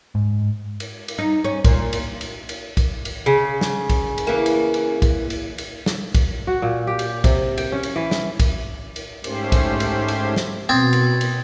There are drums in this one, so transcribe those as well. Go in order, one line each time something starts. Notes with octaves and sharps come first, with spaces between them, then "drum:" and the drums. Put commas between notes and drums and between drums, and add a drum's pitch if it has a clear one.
G#2
drum: cymbal
drum: cymbal
D#4
C#4
A#2, drum: kick, cymbal
drum: cymbal
drum: cymbal
drum: cymbal
drum: kick, cymbal
drum: cymbal
C#3
drum: snare
drum: kick, cymbal
drum: cymbal
E3 A#3
drum: cymbal
drum: cymbal
drum: kick, cymbal
drum: cymbal
drum: cymbal
drum: snare
drum: kick, cymbal
F#4
A#2
G4
drum: cymbal
C3, drum: kick, cymbal
G5, drum: cymbal
C#4
drum: cymbal
E3
drum: snare
drum: kick, cymbal
drum: cymbal
G#2 A3 C#4 G4 C5, drum: cymbal
drum: kick, cymbal
drum: cymbal
drum: cymbal
drum: snare
B2 C4 D#6 G#6 A6
drum: cymbal
drum: cymbal